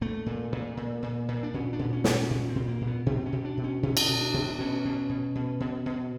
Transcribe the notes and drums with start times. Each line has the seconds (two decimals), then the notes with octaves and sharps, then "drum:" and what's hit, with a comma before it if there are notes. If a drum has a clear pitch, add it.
0.01 A#2 A3
0.26 A#2
0.52 A#2
0.77 A#2
1.02 A#2
1.28 A#2
1.43 D4
1.54 A#2 C#4
1.73 D4
1.79 A#2
1.93 C#4
2.04 A#2, drum: snare
2.11 C#4
2.30 A#2 C#4
2.49 C4
2.55 A#2
2.68 A#3
2.81 A#2
2.87 B3
3.06 B2 C4
3.26 C#4
3.32 B2
3.44 D4
3.57 B2
3.64 C#4
3.83 B2 C#4
3.97 drum: cymbal
4.08 B2
4.21 D4
4.34 B2
4.49 D4
4.59 B2 C#4
4.85 B2
5.09 B2
5.35 B2
5.60 B2
5.86 B2